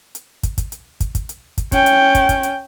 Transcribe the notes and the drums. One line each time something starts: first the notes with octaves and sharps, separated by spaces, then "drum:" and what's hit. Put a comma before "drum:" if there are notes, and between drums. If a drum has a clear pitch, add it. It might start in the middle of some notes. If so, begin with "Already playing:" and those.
drum: hi-hat
drum: kick, hi-hat
drum: kick, hi-hat
drum: hi-hat
drum: kick, hi-hat
drum: kick, hi-hat
drum: hi-hat
drum: kick, hi-hat
C#4 G5, drum: kick, hi-hat
drum: hi-hat
drum: kick, hi-hat
drum: kick, hi-hat
drum: hi-hat